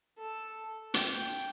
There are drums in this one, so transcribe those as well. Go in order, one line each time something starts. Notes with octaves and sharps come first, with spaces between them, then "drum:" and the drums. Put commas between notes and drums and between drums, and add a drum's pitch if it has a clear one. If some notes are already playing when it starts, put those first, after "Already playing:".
A4
G5, drum: hi-hat